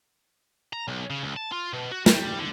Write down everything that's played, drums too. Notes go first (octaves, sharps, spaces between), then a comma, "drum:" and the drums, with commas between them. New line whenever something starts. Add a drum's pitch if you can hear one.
A#5
B1
C#3
C#2
A5
F4
B2
F#4
G3, drum: snare
D3